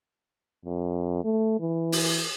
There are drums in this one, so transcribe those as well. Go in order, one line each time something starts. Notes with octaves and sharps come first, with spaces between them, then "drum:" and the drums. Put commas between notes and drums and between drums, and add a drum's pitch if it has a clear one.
F2
A3
E3
drum: open hi-hat